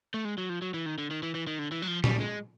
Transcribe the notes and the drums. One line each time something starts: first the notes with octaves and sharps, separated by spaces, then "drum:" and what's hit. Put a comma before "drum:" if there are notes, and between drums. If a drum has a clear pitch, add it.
A3
G#3
F#3
F3
F#3
E3
D#3
D3
D#3
E3
E3
D#3
D3
E3
F#3
F3
G3, drum: tom A#2
G#3